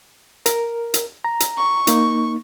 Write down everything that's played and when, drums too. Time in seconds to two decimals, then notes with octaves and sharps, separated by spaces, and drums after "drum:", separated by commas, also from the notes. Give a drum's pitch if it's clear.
0.46 A#4, drum: hi-hat
0.94 drum: hi-hat
1.24 A#5
1.40 drum: hi-hat
1.57 C#6
1.87 A#3 D#4, drum: hi-hat